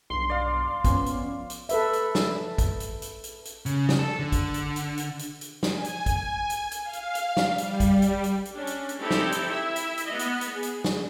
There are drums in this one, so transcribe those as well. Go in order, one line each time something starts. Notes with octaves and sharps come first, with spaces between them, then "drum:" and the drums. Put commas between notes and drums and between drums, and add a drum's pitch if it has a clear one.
B1 G2 C6
D5 F5
F3 B3 C#4, drum: kick A1, hi-hat
drum: hi-hat
drum: hi-hat
A4 B4 E5, drum: hi-hat
drum: hi-hat
drum: snare
drum: kick A1, hi-hat
drum: hi-hat
drum: hi-hat
drum: hi-hat
drum: hi-hat
C#3, drum: hi-hat
drum: snare
A4
D3
drum: kick A1, hi-hat
drum: hi-hat
drum: hi-hat
drum: hi-hat
drum: hi-hat
drum: hi-hat
drum: snare
G#5
drum: hi-hat
drum: kick A1, hi-hat
drum: hi-hat
drum: hi-hat
F5
drum: hi-hat
drum: hi-hat
drum: snare
G3, drum: hi-hat
drum: kick A1, hi-hat
drum: hi-hat
drum: hi-hat
drum: hi-hat
C#4 D4
drum: hi-hat
drum: hi-hat
C4 D#4 E4 G4 A4
drum: snare
drum: hi-hat
E4 E5
drum: hi-hat
drum: hi-hat
B3 D#5
drum: hi-hat
drum: hi-hat
G#4
drum: hi-hat
drum: snare